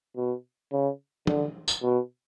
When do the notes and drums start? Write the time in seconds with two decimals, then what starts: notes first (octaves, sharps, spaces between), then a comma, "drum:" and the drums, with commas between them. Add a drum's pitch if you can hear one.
0.17 B2
0.72 C#3
1.27 D3, drum: tom
1.68 drum: tambourine
1.83 B2